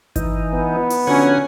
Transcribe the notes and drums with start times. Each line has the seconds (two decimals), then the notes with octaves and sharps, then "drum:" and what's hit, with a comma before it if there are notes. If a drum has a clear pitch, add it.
0.16 E3 D#4, drum: kick G1, hi-hat
0.53 B3
0.90 drum: open hi-hat
1.07 D3 F3 F#3 C#4 F#5 G#5